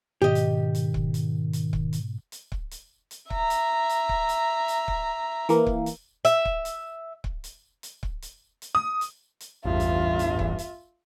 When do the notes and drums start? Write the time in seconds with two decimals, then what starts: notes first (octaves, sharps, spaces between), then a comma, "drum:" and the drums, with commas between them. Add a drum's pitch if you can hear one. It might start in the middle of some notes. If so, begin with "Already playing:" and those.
0.22 G#2 B2 D#3 G4 D#5
0.35 drum: hi-hat
0.75 drum: hi-hat
0.94 drum: kick C#1
1.14 drum: hi-hat
1.53 drum: hi-hat
1.73 drum: kick C#1
1.93 drum: hi-hat
2.32 drum: hi-hat
2.52 drum: kick C#1
2.71 drum: hi-hat
3.11 drum: hi-hat
3.30 E5 A#5, drum: kick C#1
3.50 drum: hi-hat
3.89 drum: hi-hat
4.09 drum: kick C#1
4.29 drum: hi-hat
4.68 drum: hi-hat
4.88 drum: kick C#1
5.49 E3 A#3, drum: hi-hat
5.67 drum: kick C#1
5.86 drum: hi-hat
6.25 E5, drum: hi-hat
6.45 drum: kick C#1
6.65 drum: hi-hat
7.24 drum: kick C#1
7.44 drum: hi-hat
7.83 drum: hi-hat
8.03 drum: kick C#1
8.22 drum: hi-hat
8.62 drum: hi-hat
8.75 D#6
9.01 drum: hi-hat
9.40 drum: hi-hat
9.64 A1 E2 G2 F4 E5
9.80 drum: hi-hat
10.19 drum: hi-hat
10.39 drum: kick C#1
10.59 drum: hi-hat